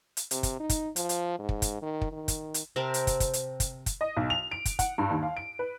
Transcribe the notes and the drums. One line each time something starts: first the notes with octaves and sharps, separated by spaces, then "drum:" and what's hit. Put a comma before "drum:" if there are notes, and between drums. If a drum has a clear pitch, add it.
drum: hi-hat
C3, drum: hi-hat
drum: kick, hi-hat
D#4
drum: kick, hi-hat
F3, drum: hi-hat
drum: hi-hat
G#2
drum: kick
drum: kick, hi-hat
D#3
drum: kick
D#3
drum: kick, hi-hat
drum: hi-hat
C3 C4 A#4 A5
drum: hi-hat
drum: kick, hi-hat
drum: kick, hi-hat
drum: hi-hat
drum: kick, hi-hat
drum: kick, hi-hat
D#5
B1
F7
D7
drum: kick, hi-hat
F#5, drum: kick, hi-hat
G2
D#2
F5
D7
B4